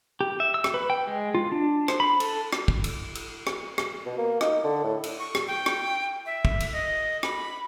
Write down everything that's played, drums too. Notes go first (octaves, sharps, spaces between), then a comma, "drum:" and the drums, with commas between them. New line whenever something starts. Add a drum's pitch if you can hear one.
G4
E5
E6
drum: rim click
B4
G5
G#3
F4
D4
C5, drum: rim click
B5
A4, drum: cymbal
drum: rim click
drum: kick
drum: cymbal
drum: cymbal
drum: rim click
drum: rim click
B2
A#3
D#4, drum: rim click
D3
A2
drum: cymbal
C#6
drum: rim click
G5
drum: rim click
E5
drum: kick
drum: cymbal
D#5
B5, drum: rim click